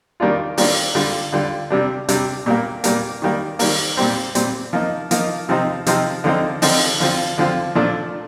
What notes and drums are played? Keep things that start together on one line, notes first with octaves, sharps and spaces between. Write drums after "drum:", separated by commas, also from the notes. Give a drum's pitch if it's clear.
D#3 G3 A#3 D4 F4
D#3 G3 A#3 D4 F4, drum: open hi-hat
D3 G3 D4 F4
D3 G3 D4 F4
C3 G3 D4
C3 G3 D4, drum: hi-hat
A#2 G3 A#3
A#2 G3 A#3, drum: hi-hat
D#3 G3 A#3
D#3 G3 A#3, drum: open hi-hat
A#2 G3 C4
A#2 G3 C4, drum: hi-hat
F3 A#3 D#4
F3 A#3 D#4, drum: hi-hat
C3 F3 C4 D#4
C3 F3 C4 D#4, drum: hi-hat
D3 F3 C4 D#4
D3 F3 C4 D#4, drum: open hi-hat
D3 F3 C4 F4
D3 F3 C4 F4
A#2 F3 A3 D4 F4